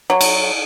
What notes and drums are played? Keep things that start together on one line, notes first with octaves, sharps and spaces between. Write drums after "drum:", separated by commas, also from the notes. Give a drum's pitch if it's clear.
F#3
drum: cymbal